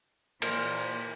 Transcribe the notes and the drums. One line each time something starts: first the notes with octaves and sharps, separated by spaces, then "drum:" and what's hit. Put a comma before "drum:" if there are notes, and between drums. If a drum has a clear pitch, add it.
A#2 E3 A#4 C5, drum: cymbal